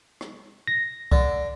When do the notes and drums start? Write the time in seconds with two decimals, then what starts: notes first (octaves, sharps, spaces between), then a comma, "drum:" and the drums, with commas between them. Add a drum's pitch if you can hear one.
0.21 drum: rim click
0.67 A#6
1.12 D3, drum: kick C2